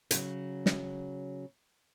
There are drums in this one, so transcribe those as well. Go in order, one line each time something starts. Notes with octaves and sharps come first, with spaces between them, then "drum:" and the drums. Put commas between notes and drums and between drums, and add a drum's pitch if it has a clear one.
C#3 F#3, drum: hi-hat
drum: snare